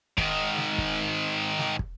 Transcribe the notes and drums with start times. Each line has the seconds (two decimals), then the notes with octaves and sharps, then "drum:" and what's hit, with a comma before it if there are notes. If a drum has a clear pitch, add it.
0.18 G#2 D#3, drum: kick
0.58 drum: snare
0.78 drum: kick
1.59 drum: snare
1.79 drum: kick